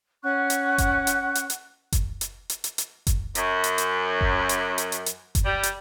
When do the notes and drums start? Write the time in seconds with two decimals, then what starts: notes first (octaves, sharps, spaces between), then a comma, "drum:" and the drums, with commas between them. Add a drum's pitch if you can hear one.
0.23 C#4 F#5 C#6 F#6
0.50 drum: hi-hat
0.78 drum: kick F#1, hi-hat
1.07 drum: hi-hat
1.35 drum: hi-hat
1.50 drum: hi-hat
1.92 drum: kick F#1, hi-hat
2.21 drum: hi-hat
2.50 drum: hi-hat
2.64 drum: hi-hat
2.78 drum: hi-hat
3.07 drum: kick F#1, hi-hat
3.35 F#2, drum: hi-hat
3.64 drum: hi-hat
3.78 drum: hi-hat
4.21 drum: kick F#1
4.49 drum: hi-hat
4.78 drum: hi-hat
4.92 drum: hi-hat
5.06 drum: hi-hat
5.35 drum: kick F#1, hi-hat
5.44 G3
5.63 drum: hi-hat